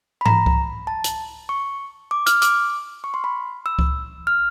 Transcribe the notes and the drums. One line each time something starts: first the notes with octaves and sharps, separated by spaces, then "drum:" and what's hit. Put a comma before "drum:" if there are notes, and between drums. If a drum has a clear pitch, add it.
B5
A#5, drum: tom G#2
drum: kick C#2
A5
drum: hi-hat
C#6
D6
F6, drum: hi-hat
D6, drum: hi-hat
C#6
C6
B5
E6
drum: kick C#2
F6